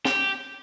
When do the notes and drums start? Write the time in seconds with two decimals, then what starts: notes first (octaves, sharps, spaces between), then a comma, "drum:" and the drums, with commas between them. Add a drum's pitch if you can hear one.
0.05 G4, drum: snare